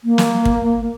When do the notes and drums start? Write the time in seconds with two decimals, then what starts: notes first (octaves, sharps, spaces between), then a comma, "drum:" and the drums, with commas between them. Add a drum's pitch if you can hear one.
0.04 A#3
0.18 drum: snare
0.45 drum: kick